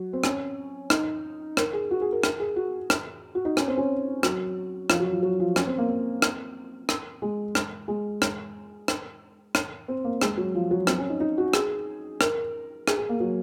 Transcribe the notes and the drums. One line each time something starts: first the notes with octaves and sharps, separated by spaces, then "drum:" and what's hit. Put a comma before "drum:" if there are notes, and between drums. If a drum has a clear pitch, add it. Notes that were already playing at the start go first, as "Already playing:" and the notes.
Already playing: F#3
C4
C#4, drum: rim click
D#4, drum: rim click
A#4, drum: rim click
G#4
F#4
G#4
A#4
A#4, drum: rim click
G#4
F#4
drum: rim click
F#4
D#4
C#4, drum: rim click
C4
C#4
F#3, drum: rim click
F3, drum: rim click
F#3
F3
F#3
F3
C#4, drum: rim click
C4
A#3
C4
drum: rim click
drum: rim click
G#3
drum: rim click
G#3
drum: rim click
drum: rim click
drum: rim click
C4
A#3
G#3, drum: rim click
F#3
F3
F#3
C4, drum: rim click
C#4
D#4
D#4
F#4
G#4, drum: rim click
A#4, drum: rim click
G#4, drum: rim click
G#4
A#3
F#3